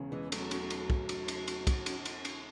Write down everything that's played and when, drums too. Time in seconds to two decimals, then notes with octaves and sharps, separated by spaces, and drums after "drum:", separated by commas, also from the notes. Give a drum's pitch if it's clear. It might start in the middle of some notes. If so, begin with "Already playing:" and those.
Already playing: E1 E2 C#3
0.12 E3 G#3
0.32 F#3 A3, drum: cymbal
0.51 drum: cymbal
0.70 drum: cymbal
0.90 drum: kick
1.09 drum: cymbal
1.28 drum: cymbal
1.48 drum: cymbal
1.67 drum: kick, cymbal
1.86 drum: cymbal
2.05 drum: cymbal
2.25 drum: cymbal